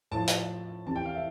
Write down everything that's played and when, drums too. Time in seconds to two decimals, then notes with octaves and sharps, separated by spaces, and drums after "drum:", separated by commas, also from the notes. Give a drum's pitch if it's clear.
0.11 A2 F3 A5
0.28 drum: hi-hat
0.86 C3 E3 A5
0.96 G5
1.06 F5
1.15 E5